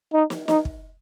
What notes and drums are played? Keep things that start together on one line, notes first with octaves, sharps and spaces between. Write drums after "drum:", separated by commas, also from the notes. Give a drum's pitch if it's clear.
D#4
drum: snare
D#4, drum: snare
drum: kick